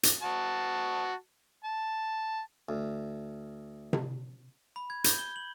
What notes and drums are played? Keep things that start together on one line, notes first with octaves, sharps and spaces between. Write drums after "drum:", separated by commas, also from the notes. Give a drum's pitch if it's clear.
drum: hi-hat
F#4 A5
A5
D2
drum: tom C3
B5
G#6
G6, drum: hi-hat
G7
F#7